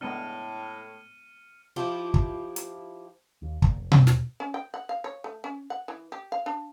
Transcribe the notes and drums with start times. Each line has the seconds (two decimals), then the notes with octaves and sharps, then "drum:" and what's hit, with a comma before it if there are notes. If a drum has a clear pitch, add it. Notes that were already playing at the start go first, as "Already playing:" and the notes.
0.01 A2 G#3 B3 D4 F6 C#7 D#7
1.76 F3 E4 F4 G4
2.14 drum: kick
2.56 drum: hi-hat
3.42 D#2
3.62 A#2, drum: kick
3.76 F1
3.92 C#2 G2 G3, drum: tom B2
4.07 D#2 C3, drum: snare
4.40 C#4
4.54 G5
4.74 F#5
4.89 F5
5.04 C#5
5.24 A3
5.44 C#4
5.70 F#5
5.88 E3
6.12 G4
6.32 F5
6.46 D4